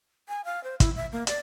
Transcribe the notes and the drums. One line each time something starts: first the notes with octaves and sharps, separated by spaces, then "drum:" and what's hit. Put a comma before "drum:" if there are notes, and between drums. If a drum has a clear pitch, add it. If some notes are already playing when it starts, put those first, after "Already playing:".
G#5
F5
C5
E4, drum: kick, hi-hat
E5
A#3
D5, drum: hi-hat